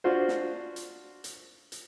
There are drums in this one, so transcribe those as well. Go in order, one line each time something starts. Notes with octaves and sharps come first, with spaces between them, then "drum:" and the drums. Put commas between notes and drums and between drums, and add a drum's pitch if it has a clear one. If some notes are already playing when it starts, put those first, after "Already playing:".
D4 F4 F#4 C5
drum: snare
drum: hi-hat
drum: hi-hat
drum: hi-hat